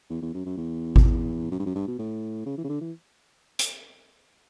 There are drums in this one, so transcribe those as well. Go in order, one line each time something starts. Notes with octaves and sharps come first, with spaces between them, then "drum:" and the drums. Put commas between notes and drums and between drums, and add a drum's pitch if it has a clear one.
E2
E2
F#2
F#2
E2
drum: kick G#1
E2
F#2
G2
F#2
G2
B2
A2
C#3
E3
C#3
D3
E3
drum: hi-hat